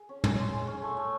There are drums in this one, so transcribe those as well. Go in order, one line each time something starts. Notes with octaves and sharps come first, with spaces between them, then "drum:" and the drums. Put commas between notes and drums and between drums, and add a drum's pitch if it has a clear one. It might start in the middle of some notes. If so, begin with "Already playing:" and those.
Already playing: G#4
C#4
C#4, drum: tom
G#3
G#3
C#4
A3
A3